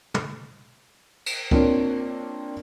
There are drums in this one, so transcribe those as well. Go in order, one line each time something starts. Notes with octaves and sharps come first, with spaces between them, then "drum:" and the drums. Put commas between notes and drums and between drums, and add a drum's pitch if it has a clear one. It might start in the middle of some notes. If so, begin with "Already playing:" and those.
drum: tom
drum: cymbal
A#3 C4 D4 F4 C#5, drum: kick C#2